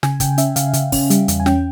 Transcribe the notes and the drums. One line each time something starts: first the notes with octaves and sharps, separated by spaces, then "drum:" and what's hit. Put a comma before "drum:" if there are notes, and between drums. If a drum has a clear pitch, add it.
C#3 G#5, drum: snare
C#3 G5, drum: kick, hi-hat
C#4 E5, drum: hi-hat
C#3 F5, drum: hi-hat
C#3, drum: hi-hat
C#4, drum: kick, open hi-hat
G3, drum: hi-hat
E2, drum: hi-hat
G#5
C#4 G5, drum: snare